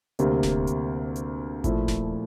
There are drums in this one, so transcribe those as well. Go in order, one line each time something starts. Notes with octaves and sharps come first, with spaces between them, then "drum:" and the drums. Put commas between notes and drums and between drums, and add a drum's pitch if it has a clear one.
D2 C3 G3 A#3, drum: hi-hat
drum: snare D#1
drum: hi-hat
drum: hi-hat
A#2 F3 A3 E4, drum: kick G#1, hi-hat
drum: snare D#1